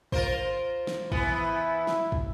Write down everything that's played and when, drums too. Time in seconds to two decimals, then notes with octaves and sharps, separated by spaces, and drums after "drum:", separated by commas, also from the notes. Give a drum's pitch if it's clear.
0.12 F4 A#4 C5, drum: kick
0.87 drum: snare
1.12 E3 B3 E4, drum: kick
1.87 drum: snare
2.12 drum: kick